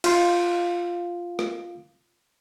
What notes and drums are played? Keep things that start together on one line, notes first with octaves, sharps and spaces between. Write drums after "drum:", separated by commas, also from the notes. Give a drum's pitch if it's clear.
F4 F5 C6, drum: cymbal
drum: rim click